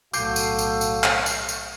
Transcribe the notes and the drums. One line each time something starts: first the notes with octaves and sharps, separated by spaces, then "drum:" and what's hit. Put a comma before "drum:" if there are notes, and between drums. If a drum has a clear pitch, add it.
B1 A2 F#4 A4 F5 D6 G6 C7, drum: tambourine
drum: tambourine
drum: tambourine
drum: tambourine
drum: clap
drum: tambourine
drum: tambourine